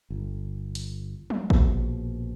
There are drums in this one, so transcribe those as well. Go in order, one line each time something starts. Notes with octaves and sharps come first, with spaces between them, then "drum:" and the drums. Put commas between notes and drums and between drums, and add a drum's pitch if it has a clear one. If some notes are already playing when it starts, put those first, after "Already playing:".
G1
drum: hi-hat
drum: tom
A#1 B2, drum: kick G#1